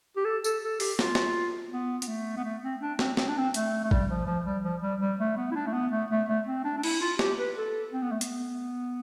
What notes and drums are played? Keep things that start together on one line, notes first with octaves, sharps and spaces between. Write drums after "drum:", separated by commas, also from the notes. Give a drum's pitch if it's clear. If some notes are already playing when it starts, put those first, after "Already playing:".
G4
A4
A4, drum: tambourine
A4
G4, drum: open hi-hat
F4, drum: snare
drum: snare
B3
B3, drum: hi-hat
A3
B3
A3
C4
D4
C4, drum: snare
C4, drum: snare
D4
C4
A3, drum: hi-hat
A3
G3, drum: kick A1
F3
F3
G3
F3
G3
G3
A3
B3
E4
D4
A3
B3
A3
A3
A3
C4
D4
D4
E4, drum: cymbal
F4
G4, drum: snare
B4
A4
C4
B3
A3
B3, drum: hi-hat